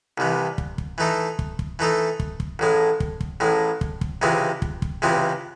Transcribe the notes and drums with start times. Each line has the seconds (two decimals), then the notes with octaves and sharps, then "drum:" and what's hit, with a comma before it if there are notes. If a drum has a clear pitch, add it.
0.18 C2 C3 E3
0.58 drum: kick
0.78 drum: kick
0.98 E3 A3 D#4 A4
1.39 drum: kick
1.59 drum: kick
1.79 E3 A3 D#4 A4
2.20 drum: kick
2.40 drum: kick
2.59 A1 A2 G#3
3.00 drum: kick
3.21 drum: kick
3.40 A1 A2 G#3
3.81 drum: kick
4.01 drum: kick
4.22 C#2 C3 E3 G#3 C4
4.62 drum: kick
4.82 drum: kick
5.02 C#2 C3 E3 G#3 C4